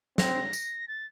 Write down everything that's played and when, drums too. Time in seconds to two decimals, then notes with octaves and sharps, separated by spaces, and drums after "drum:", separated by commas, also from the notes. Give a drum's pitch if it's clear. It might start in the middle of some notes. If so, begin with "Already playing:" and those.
0.18 C4 A#6, drum: snare
0.53 drum: tambourine
0.88 A6